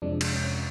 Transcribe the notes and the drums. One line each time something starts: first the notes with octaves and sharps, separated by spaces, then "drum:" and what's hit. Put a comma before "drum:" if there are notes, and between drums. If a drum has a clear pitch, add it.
F2 C3 F3 G#3 D4
drum: cymbal
C#4